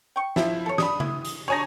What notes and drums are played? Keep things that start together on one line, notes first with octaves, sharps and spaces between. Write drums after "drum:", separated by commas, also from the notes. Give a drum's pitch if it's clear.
G5 C#6
F3 E4, drum: snare
A4 C#5
D4 B5 D#6, drum: snare
E4, drum: tom C#3
drum: hi-hat
D4 D#4 G#4 C#5 G#5 A#6